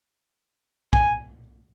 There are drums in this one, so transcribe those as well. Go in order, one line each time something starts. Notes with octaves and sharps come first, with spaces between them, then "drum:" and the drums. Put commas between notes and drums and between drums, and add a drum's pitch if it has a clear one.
G#5, drum: kick A#1